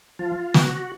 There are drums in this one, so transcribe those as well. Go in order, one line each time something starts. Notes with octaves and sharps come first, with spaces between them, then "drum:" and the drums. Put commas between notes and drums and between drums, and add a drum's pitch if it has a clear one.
F3 F4
B3 F#4, drum: snare